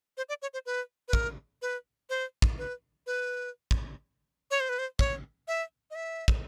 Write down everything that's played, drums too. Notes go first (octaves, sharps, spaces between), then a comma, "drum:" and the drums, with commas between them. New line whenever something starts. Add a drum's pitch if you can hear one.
C5
D5
C#5
C5
B4
B4
A#4, drum: kick
B4
C5
drum: kick
B4
B4
drum: kick
C#5
C5
B4
C5
C#5, drum: kick
E5
D#5
E5
drum: kick